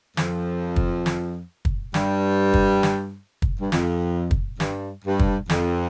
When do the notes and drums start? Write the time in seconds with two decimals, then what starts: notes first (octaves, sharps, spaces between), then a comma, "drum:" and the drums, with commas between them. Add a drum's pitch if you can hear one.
0.17 F2 F3, drum: snare
0.76 drum: kick
1.06 drum: snare
1.65 drum: kick
1.94 G2 G3, drum: snare
2.54 drum: kick
2.83 drum: snare
3.42 drum: kick
3.60 G2
3.72 F2, drum: snare
4.31 drum: kick
4.60 G2, drum: snare
5.05 G2
5.19 drum: kick
5.50 F2, drum: snare